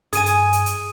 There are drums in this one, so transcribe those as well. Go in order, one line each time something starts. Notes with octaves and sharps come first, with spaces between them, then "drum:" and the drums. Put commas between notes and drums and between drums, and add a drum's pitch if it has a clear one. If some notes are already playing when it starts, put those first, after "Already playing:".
G2 G#4 G#5 D#6 D#7, drum: hi-hat
drum: hi-hat
drum: hi-hat
drum: hi-hat